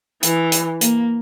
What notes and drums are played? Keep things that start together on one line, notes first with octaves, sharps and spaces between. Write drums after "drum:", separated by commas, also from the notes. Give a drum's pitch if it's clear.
E3, drum: hi-hat
drum: hi-hat
A#3, drum: hi-hat